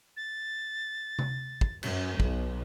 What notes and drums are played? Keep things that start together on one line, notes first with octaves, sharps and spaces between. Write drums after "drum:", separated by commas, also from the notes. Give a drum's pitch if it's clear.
A6
drum: tom C3
drum: kick
F#2, drum: cymbal
B1, drum: kick